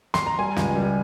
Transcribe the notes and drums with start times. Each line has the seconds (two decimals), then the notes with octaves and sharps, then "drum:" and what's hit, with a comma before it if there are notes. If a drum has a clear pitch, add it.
0.14 C6, drum: snare
0.26 A#5
0.39 G3 G#5
0.56 C#2, drum: snare
0.76 G3